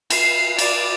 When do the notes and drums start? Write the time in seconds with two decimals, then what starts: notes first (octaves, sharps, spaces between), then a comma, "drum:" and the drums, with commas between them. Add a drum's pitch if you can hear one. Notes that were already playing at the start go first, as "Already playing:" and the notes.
0.10 C7, drum: cymbal
0.59 D5, drum: cymbal